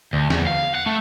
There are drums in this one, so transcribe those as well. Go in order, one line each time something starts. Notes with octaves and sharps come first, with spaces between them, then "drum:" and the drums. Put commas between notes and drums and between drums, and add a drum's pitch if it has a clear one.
D2
E2, drum: snare
F5
F#5
A3